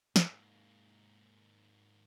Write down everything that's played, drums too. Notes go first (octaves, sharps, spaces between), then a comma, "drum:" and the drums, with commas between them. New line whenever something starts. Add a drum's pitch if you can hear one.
G#2 A#3, drum: snare